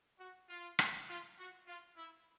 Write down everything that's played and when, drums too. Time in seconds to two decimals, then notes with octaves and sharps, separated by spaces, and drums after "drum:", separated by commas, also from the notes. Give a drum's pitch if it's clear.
0.19 F#4
0.49 F4
0.79 drum: rim click
1.08 F4
1.38 F#4
1.67 F4
1.97 E4